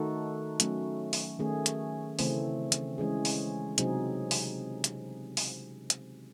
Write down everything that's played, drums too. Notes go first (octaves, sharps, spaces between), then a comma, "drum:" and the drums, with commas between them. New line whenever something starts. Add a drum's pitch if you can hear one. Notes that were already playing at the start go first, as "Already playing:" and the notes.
Already playing: D#3 A3 D#4 F#4 A4
F#3 A3 C#4, drum: hi-hat
drum: open hi-hat
D#3 A3 C#4 G#4
drum: hi-hat
C#3 E3 A3 C4, drum: open hi-hat
drum: hi-hat
E3 G#3 C#4 G#4
drum: open hi-hat
C3 F#3 C4 D#4 G#4, drum: hi-hat
drum: open hi-hat
drum: hi-hat
drum: open hi-hat
drum: hi-hat